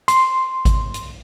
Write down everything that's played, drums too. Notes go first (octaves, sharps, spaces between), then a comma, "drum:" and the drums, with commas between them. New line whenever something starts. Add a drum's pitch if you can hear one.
C6, drum: hi-hat
drum: kick G#1, hi-hat
drum: hi-hat